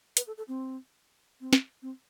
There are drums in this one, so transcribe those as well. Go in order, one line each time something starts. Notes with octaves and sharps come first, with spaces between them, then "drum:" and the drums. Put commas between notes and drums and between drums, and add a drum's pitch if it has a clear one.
B4, drum: hi-hat
A4
A4
C4
C4
drum: snare
C4